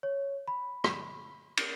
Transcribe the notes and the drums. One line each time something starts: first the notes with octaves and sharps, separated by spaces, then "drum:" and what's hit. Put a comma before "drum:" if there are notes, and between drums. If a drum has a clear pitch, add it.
C#5
B5
drum: rim click
drum: cymbal